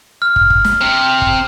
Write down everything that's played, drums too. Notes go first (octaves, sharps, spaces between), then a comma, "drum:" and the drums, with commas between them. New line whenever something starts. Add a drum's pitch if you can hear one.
F6
drum: kick
drum: kick
drum: snare
C3
drum: kick